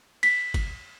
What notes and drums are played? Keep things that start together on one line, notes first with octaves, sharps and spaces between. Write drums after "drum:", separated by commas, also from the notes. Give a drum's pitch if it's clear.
B6, drum: cymbal
drum: kick G1, cymbal